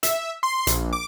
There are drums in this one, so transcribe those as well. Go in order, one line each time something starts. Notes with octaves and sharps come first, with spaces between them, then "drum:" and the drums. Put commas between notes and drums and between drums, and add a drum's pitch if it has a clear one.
E5, drum: hi-hat
C6
A#1, drum: hi-hat
D6